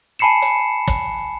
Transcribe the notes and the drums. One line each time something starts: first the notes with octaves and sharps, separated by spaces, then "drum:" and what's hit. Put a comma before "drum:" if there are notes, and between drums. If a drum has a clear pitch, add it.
G#5 A5 B5 C7 C#7 E7
drum: hi-hat
drum: kick, hi-hat